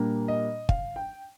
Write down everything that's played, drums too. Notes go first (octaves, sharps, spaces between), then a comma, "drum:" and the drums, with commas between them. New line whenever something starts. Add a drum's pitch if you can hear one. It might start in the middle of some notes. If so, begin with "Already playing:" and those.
Already playing: A#2 G3 A#3 D4
D#5
F5, drum: kick
G5